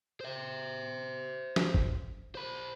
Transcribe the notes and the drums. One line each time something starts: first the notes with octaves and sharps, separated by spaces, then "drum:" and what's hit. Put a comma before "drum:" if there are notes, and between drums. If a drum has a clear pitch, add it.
C5 E5
drum: snare
drum: kick
C5 B5